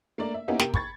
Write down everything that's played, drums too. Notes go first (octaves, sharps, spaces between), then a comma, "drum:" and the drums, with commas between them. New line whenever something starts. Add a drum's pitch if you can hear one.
A3 A#3 D4 A#4 D5
E5
A#3 B3 C#4 D#4 E4 G4
C3 A#4 G5, drum: snare
B5 C#6 G#6 A6, drum: kick